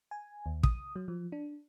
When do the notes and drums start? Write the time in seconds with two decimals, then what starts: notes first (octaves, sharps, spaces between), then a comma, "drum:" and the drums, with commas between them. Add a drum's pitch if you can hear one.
0.11 G#5
0.46 D#2
0.63 D#6, drum: kick
0.96 F#3
1.08 F3
1.32 D4